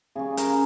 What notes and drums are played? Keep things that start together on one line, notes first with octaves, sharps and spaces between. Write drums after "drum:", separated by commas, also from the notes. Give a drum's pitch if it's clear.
C#3 G3 C#4 G#4
A#4, drum: hi-hat